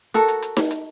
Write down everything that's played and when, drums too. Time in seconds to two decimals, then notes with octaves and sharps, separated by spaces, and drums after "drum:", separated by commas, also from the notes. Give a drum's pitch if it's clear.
0.14 F#4 A4 A#4, drum: hi-hat
0.28 drum: hi-hat
0.42 drum: hi-hat
0.57 drum: snare D#4
0.71 drum: hi-hat